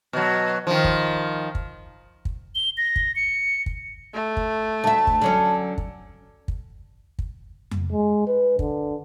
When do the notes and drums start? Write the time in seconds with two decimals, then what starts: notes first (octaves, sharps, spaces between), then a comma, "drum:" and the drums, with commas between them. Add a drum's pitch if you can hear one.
0.13 B2 F#3
0.67 D#3 F3
0.84 drum: kick
1.55 drum: kick
2.25 drum: kick
2.55 G7
2.78 A#6
2.96 drum: kick
3.16 C#7
3.66 drum: kick
4.13 A3
4.37 drum: kick
4.84 D2 E5 A5
5.07 drum: kick
5.22 D3 F#3 C#4
5.78 drum: kick
6.48 drum: kick
7.19 drum: kick
7.71 drum: tom F2
7.92 G#3
8.27 B4
8.59 D3, drum: kick